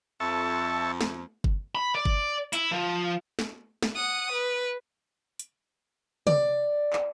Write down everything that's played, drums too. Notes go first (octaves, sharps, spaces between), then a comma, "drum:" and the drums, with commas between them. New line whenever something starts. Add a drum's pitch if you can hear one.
F2 E5 A5 C#6
drum: snare
drum: kick G1
B5
D5
drum: kick G1
E4, drum: hi-hat
F3
drum: snare
drum: snare
F#5 D#6
B4
drum: hi-hat
D5, drum: tom
drum: clap